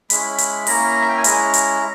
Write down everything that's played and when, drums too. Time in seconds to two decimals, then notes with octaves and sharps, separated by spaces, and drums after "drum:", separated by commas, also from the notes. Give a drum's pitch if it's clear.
0.10 G#3 C#4 E4 B5, drum: hi-hat
0.38 drum: hi-hat
0.67 A#3 C#4 E4 A#5, drum: open hi-hat
1.01 E5
1.09 G5
1.17 G#5
1.24 G#3 C#4 E4 A#5, drum: hi-hat
1.54 drum: hi-hat